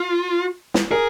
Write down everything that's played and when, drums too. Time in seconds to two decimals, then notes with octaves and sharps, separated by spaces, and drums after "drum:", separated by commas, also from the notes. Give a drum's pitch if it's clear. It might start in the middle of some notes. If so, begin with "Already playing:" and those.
Already playing: F4
0.74 drum: snare
0.91 G#4 A#4